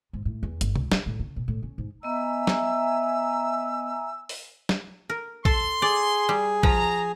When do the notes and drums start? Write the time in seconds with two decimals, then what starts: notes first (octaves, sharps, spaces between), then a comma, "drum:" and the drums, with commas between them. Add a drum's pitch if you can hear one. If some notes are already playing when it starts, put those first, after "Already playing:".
0.13 G#2
0.25 A2
0.43 E2
0.61 G1, drum: hi-hat
0.76 C#2, drum: tom
0.92 D3, drum: snare
1.06 A2
1.19 C#3
1.36 A#2
1.48 A2
1.63 C#4
1.78 G#2
2.03 B3 D#5 E5 G#5 A#5 E6
2.47 drum: snare
4.29 drum: open hi-hat
4.69 drum: snare
5.10 A#4
5.45 A4 C6, drum: kick A#1
5.82 G#4 D5
6.29 G3
6.63 F3 A#5, drum: kick A#1